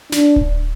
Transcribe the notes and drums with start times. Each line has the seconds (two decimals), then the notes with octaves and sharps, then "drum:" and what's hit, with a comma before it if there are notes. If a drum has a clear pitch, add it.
0.12 D4, drum: snare
0.36 drum: kick D1